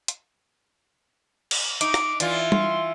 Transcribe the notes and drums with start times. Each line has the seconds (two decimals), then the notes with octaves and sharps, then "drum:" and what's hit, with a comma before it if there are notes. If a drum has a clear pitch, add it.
0.08 drum: hi-hat
1.51 drum: cymbal
1.81 D#4 D6, drum: hi-hat
1.94 drum: rim click
2.20 E3 F4 D5, drum: hi-hat
2.52 C6, drum: tom G3